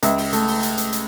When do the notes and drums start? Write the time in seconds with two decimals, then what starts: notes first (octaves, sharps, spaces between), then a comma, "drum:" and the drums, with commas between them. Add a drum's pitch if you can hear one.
0.03 C#2 E5, drum: hi-hat
0.18 drum: open hi-hat
0.33 A3, drum: hi-hat
0.48 drum: open hi-hat
0.63 drum: hi-hat
0.78 drum: hi-hat
0.93 drum: hi-hat